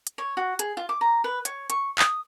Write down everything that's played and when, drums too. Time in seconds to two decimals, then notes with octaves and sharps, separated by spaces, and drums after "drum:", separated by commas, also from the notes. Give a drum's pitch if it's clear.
0.07 drum: hi-hat
0.18 C#5
0.37 F#4
0.59 G#4, drum: hi-hat
0.77 F4
0.89 D6
1.01 A#5
1.24 B4
1.45 C#5, drum: hi-hat
1.70 C#6, drum: hi-hat
1.99 D#6, drum: clap